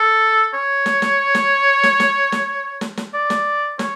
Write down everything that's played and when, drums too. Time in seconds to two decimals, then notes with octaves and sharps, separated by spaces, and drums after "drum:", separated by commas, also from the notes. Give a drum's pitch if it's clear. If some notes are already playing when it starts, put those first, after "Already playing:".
Already playing: A4
0.53 C#5
0.86 drum: snare
1.02 drum: snare
1.35 drum: snare
1.83 drum: snare
2.00 drum: snare
2.32 drum: snare
2.81 drum: snare
2.97 drum: snare
3.14 D5
3.30 drum: snare
3.79 C#5, drum: snare